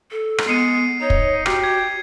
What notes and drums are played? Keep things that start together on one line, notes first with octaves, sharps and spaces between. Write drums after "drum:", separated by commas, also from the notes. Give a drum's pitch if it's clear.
A4
drum: rim click
G#3 B3 C7 C#7 D#7
D#4 C#5
drum: kick
F#4 G4, drum: rim click
G#6